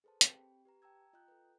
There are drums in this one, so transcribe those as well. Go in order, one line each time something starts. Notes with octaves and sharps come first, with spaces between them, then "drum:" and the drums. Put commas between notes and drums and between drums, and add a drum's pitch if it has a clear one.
G#4 A4 B4 C5 A5
C4 G4 G5 B5, drum: hi-hat
G4 B4 A#5
G5 A5 A#5 E6 G#6
F4 D#5 G5 A#5 F#6 G6
A4 B4